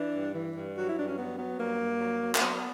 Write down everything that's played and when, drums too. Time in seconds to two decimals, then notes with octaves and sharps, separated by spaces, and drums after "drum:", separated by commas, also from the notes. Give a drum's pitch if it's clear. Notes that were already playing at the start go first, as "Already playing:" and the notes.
Already playing: E3 D4
0.15 G2
0.35 E3
0.56 G2
0.76 F#3 F#4
0.87 E4
0.97 G2 D4
1.08 C#4
1.18 F#3 B3
1.38 F#3 B3
1.59 G2 A#3
1.80 G2
2.00 F#3
2.22 F#3
2.35 A#3, drum: clap
2.42 F#3 B3